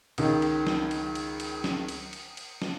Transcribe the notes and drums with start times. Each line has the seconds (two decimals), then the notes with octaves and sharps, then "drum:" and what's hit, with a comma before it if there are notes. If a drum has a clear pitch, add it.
0.18 C#2 D#3, drum: cymbal
0.42 drum: cymbal
0.67 drum: snare
0.91 drum: cymbal
1.15 drum: cymbal
1.40 drum: cymbal
1.64 drum: snare
1.89 drum: cymbal
2.13 drum: cymbal
2.37 drum: cymbal
2.62 drum: snare